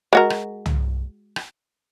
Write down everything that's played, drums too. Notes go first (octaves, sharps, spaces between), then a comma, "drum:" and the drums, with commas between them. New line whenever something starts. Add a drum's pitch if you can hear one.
G#3 F#4 A#4
drum: rim click
drum: tom
drum: rim click